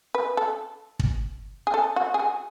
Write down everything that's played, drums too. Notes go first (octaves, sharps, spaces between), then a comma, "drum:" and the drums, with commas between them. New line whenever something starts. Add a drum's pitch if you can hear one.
B4
A4
drum: kick
G#4
A4
F#4
G#4
F#4